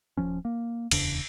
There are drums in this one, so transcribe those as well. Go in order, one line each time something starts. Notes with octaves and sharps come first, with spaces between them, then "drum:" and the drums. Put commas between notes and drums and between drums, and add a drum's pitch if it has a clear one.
D#1 F#2 F3 C#4
A#3
D1 E2 C#3 D4, drum: cymbal